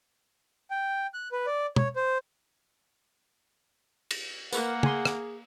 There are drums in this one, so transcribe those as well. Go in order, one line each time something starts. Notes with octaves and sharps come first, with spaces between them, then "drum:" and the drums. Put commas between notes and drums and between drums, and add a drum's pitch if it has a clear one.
G5
F#6
B4
D5
C#5, drum: tom
C5
drum: cymbal
A#3 A#4 B4 F#5, drum: tambourine
G#4 G#5 C6, drum: tom
drum: rim click